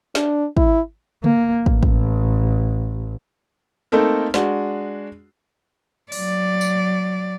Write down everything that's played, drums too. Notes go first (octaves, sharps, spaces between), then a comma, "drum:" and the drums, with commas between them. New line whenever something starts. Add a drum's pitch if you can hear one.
D4, drum: snare
E4, drum: kick
A#3, drum: tom C#3
A1, drum: kick
drum: kick
A3 A#3 C4 D#4 A4 A#4
G#3 D4 F#4, drum: snare
F#3 D5, drum: open hi-hat
drum: tambourine